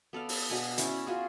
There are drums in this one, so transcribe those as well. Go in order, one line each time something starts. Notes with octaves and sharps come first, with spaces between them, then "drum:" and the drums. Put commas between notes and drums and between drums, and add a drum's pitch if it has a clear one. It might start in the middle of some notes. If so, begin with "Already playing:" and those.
B3 A4 D5 F5
drum: open hi-hat
B2 D4 G#4 G#5
C#4 E4 D5, drum: hi-hat
C#4 F4 F#4 G#4